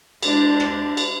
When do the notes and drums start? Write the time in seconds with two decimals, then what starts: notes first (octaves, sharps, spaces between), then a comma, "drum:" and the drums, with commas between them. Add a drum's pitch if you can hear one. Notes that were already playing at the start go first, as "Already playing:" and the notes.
0.23 G#3 D4 E4 A#4 C5, drum: cymbal
0.60 drum: rim click
0.97 drum: cymbal